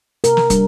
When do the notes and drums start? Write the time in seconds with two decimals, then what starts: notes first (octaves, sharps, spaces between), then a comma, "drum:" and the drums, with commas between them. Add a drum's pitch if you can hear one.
0.24 C3 A#4, drum: hi-hat
0.37 drum: snare
0.50 G3 D4, drum: kick, hi-hat